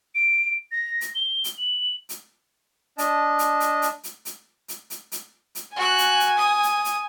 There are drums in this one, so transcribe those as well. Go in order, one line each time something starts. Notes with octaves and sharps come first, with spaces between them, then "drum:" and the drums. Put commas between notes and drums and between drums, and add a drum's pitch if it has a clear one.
D7
A#6
drum: hi-hat
G7
drum: hi-hat
F#7
drum: hi-hat
D4 D#5 A5, drum: hi-hat
drum: hi-hat
drum: hi-hat
drum: hi-hat
drum: hi-hat
drum: hi-hat
drum: hi-hat
drum: hi-hat
drum: hi-hat
drum: hi-hat
F#4 G#5 F#6
drum: hi-hat
drum: hi-hat
D#6
drum: hi-hat
drum: hi-hat